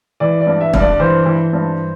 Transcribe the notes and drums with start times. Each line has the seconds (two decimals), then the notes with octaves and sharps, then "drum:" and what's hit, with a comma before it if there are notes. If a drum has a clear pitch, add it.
0.20 E3 D5
0.41 D5
0.47 G2
0.60 E5
0.73 G2, drum: kick
0.80 D5
1.00 E3 C5
1.26 E3
1.53 G2